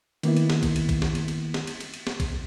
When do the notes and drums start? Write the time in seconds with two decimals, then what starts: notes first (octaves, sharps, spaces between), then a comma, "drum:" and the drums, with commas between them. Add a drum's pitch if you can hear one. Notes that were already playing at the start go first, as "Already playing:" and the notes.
0.23 D#3 A#3 B3 E4, drum: cymbal
0.37 drum: cymbal
0.50 drum: snare
0.63 drum: kick, cymbal
0.76 drum: cymbal
0.89 drum: kick, cymbal
1.02 drum: snare
1.15 drum: cymbal
1.28 drum: cymbal
1.54 drum: snare
1.67 drum: cymbal
1.80 drum: cymbal
1.94 drum: cymbal
2.07 drum: snare
2.20 drum: kick, cymbal